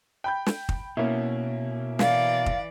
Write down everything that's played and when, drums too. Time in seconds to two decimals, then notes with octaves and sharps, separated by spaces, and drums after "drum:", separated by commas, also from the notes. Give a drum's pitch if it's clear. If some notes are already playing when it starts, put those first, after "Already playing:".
0.24 G5 B5 G6
0.46 drum: snare
0.69 drum: kick
0.97 B2 A#3 C#4 E4
1.99 E3 D5 F5, drum: snare
2.46 drum: kick